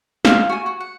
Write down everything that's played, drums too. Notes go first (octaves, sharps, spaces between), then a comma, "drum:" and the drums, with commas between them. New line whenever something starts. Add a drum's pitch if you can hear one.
F5, drum: snare
F#4 G#5
F#4
F#5